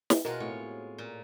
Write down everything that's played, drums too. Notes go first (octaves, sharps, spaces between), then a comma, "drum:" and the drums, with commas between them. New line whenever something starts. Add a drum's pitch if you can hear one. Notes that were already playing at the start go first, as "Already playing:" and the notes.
drum: snare
B2 G#3 E4 F4 A#4 C5 F#5
A2 B3 C4 F#4 C#5
A#2